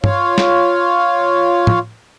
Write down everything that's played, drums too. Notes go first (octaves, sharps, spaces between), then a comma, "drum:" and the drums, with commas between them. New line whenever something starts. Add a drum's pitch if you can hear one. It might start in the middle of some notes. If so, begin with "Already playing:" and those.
F4 C#5 F5, drum: tom
drum: snare
drum: tom